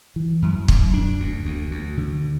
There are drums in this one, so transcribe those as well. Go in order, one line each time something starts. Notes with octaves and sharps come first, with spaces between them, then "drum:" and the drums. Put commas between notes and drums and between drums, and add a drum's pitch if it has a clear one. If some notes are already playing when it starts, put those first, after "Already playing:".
E3
F#2
F#2, drum: kick
D4
D2
D2
D2
D3